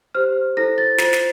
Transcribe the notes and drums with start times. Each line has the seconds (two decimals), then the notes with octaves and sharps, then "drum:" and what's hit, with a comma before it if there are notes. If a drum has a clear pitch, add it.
0.15 G4 C5 F6
0.57 E4 A4 C5 A#6
0.78 A6
0.98 F4 C5, drum: snare
1.13 drum: snare